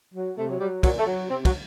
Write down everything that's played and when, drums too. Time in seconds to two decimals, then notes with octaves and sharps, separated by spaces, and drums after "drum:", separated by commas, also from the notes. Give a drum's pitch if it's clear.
0.14 F#3
0.37 C3 A3
0.49 F#3
0.60 F#3 G3
0.83 A#2 F#3, drum: kick, cymbal
0.99 A3
1.06 F#3
1.29 C3 C4
1.45 F#3, drum: kick, cymbal